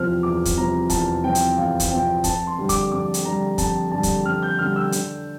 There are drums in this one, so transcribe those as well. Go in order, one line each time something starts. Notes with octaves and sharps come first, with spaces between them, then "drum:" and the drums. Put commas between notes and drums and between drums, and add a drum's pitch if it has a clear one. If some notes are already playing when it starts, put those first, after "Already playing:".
Already playing: E2 C3 F3 C4 F6
E2 D6
drum: kick, hi-hat
C3 F3 C4 A#5
E2 A5, drum: kick, hi-hat
C3 F3 C4 G5
drum: hi-hat
E2 F5
drum: kick, hi-hat
C3 F3 C4 G5
F2 A5, drum: kick, hi-hat
C6
D3 G3
D6, drum: kick, hi-hat
F2 D6
drum: hi-hat
D3 G3 A#5
F2 A5, drum: kick, hi-hat
D3 G3 A5
drum: kick, hi-hat
F2 F6
G6
D3 G3 F6
E6
D3, drum: hi-hat